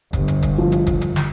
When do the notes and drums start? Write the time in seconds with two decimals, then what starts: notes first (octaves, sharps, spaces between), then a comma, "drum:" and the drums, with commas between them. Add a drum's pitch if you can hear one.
0.13 G1, drum: kick, hi-hat
0.28 drum: hi-hat
0.43 drum: kick, hi-hat
0.58 F3
0.72 drum: hi-hat
0.87 drum: kick, hi-hat
1.01 drum: hi-hat
1.16 drum: snare